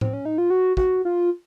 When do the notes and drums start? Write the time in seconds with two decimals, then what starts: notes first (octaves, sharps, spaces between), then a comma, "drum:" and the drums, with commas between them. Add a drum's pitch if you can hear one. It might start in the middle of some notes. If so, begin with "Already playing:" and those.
0.01 C4, drum: tom A2
0.13 C#4
0.25 D#4
0.38 F4
0.50 F#4
0.77 F#4, drum: kick
1.05 F4